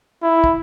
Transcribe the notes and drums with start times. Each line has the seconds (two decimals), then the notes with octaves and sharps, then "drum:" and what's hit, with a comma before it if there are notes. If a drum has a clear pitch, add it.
0.22 E4
0.44 drum: kick